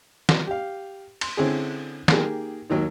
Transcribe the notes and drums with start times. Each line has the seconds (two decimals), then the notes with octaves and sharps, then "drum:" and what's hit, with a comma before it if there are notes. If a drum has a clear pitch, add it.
0.29 drum: snare
0.47 G4 F5
1.21 C6, drum: cymbal
1.37 D3 C4 C#4 E4 G#4
2.08 D#3 A#3 G4 G#4, drum: snare
2.70 D#2 D#3 F#3 A#3